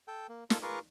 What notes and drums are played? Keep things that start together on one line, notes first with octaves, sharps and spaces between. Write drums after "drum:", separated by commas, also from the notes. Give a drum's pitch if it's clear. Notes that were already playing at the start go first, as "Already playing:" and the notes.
A4 G5
A#3
A#3 F4 A4 F5, drum: snare
F4 G#4 A#4 B4 C#6 D6